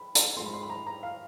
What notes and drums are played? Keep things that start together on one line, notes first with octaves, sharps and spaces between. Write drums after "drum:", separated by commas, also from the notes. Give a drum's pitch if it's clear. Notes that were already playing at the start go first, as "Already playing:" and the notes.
Already playing: B5
A#5, drum: hi-hat
G#2 F3 A3 C6
B5
C6
B5
A#5
A#5
F5